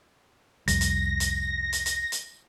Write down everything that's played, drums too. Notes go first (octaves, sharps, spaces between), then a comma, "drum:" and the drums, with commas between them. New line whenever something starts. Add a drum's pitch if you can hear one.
C2 F2 G3 A#6, drum: hi-hat
drum: hi-hat
drum: hi-hat
drum: hi-hat
drum: hi-hat
drum: hi-hat